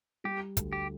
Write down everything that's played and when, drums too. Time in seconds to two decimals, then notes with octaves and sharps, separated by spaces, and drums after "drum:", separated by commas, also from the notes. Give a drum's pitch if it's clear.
0.24 G3 G4
0.57 D2, drum: kick, hi-hat
0.73 G4